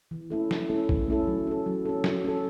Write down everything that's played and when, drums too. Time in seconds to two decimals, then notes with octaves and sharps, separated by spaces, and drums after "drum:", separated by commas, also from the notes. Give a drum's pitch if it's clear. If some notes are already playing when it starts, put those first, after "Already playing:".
0.11 E3
0.30 A3 C#4 E4 A4
0.51 E3, drum: snare
0.69 A3 C#4 E4 A4
0.89 E3, drum: kick
1.08 A3 C#4 E4 A4
1.27 F#3
1.47 C#4 A4
1.66 F#3
1.85 C#4 A4
2.04 F#3, drum: snare
2.24 C#4 A4